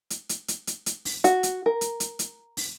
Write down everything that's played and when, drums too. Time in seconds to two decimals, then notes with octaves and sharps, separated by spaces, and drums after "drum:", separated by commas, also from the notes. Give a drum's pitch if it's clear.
0.10 drum: hi-hat
0.29 drum: hi-hat
0.48 drum: hi-hat
0.67 drum: hi-hat
0.86 drum: hi-hat
1.05 drum: open hi-hat
1.24 F#4, drum: hi-hat
1.43 drum: hi-hat
1.66 A#4
1.81 drum: hi-hat
2.00 drum: hi-hat
2.19 drum: hi-hat
2.57 drum: open hi-hat